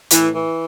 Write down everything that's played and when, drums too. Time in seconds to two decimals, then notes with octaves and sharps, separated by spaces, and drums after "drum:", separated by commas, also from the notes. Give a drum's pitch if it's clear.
0.11 A2 E3, drum: hi-hat
0.32 E3